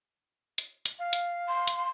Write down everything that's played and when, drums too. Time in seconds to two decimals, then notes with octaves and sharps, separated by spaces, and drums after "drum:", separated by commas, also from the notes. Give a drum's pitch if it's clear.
0.58 drum: hi-hat
0.85 drum: hi-hat
0.99 F5
1.13 drum: hi-hat
1.48 C6
1.67 drum: hi-hat